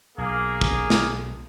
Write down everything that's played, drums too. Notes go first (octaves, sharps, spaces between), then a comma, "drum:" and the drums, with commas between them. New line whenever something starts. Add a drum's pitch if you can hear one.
B1 A#3 G#4
drum: kick
drum: snare